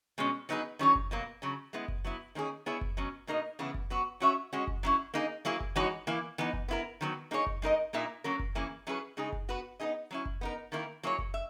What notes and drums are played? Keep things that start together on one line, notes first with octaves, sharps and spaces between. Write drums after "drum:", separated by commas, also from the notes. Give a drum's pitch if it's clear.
B2 G#3 C#4
F#3 B3 D#4 G#4 B4
D#3 F#3 C#4 G#4 C#5
drum: kick F#1
B2 F#3 A#3
C#3 F#3 C#4
G#3 B3 E4
drum: kick F#1
F#3 B3 E4
D#3 A#3 C#4 G#4
B3 E4 G#4 C#5 E5
drum: kick F#1
B2 F#3 C#4
B2 A#3 D#4 A#4 D#5
C#3 E3 B3 E4
drum: kick F#1
F#3 B3 F#4
F#3 C#4 F#4 C#5 E5
G#3 C#4 F#4
drum: kick F#1
F#3 C#4 E4
A#3 D#4 G#4
F#3 A#3 E4 G#4
drum: kick F#1
E3 G#3 D#4 F#4 C#5
E3 A#3 E4
E3 B3 D#4
drum: kick F#1
B3 E4 A#4
D#3 F#3 B3
A#3 D#4 G#4 C#5
drum: kick F#1
G#3 D#4 A#4 D#5
A#2 A#3 D#4 A#4 E5
F#3 A#3 C#4 F#4 A#4
drum: kick F#1
E3 A#3 C#4 E4 G#4
F#3 C#4 E4 G#4 B4
C#3 G#3 D#4 G#4
drum: kick F#1
B3 F#4 B4
B3 D#4 G#4 D#5
F#3 C#4 E4
drum: kick F#1
B3 D#4 A#4
D#3 A#3 E4 A#4
F#3 A#3 E4 G#4 C#5
drum: kick F#1
E5